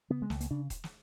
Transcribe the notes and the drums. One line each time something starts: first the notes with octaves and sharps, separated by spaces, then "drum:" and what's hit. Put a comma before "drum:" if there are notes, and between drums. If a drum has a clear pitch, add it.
C#3 B3
G#3
C#2 A3, drum: snare
A#3, drum: hi-hat
C#3 D4
drum: kick D#1, hi-hat
drum: snare